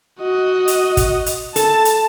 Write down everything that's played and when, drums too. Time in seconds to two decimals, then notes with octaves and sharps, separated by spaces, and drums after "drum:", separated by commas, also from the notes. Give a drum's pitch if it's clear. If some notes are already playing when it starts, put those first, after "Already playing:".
0.21 F#4 D#5
0.68 drum: hi-hat
0.97 drum: kick, hi-hat
1.26 drum: hi-hat
1.56 A4 A5, drum: hi-hat
1.85 drum: hi-hat